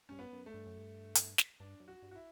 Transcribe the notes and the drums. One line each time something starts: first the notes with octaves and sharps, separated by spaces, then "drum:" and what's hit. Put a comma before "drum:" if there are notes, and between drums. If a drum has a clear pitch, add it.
G2 C#4
B3
F#2
A3
G2
F#2
G2
drum: hi-hat
drum: snare
G2 D4
F#2
F#4
G2
F#4
E4